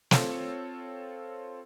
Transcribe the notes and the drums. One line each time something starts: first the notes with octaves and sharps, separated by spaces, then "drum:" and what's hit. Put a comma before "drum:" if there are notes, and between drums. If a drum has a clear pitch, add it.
C4 F4 A4 C#5, drum: snare